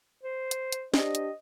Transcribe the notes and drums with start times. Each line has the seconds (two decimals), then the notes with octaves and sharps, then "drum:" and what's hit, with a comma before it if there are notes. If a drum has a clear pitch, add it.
0.23 C5
0.51 drum: hi-hat
0.72 drum: hi-hat
0.94 D4 G4 C5 D#5, drum: snare
1.15 drum: hi-hat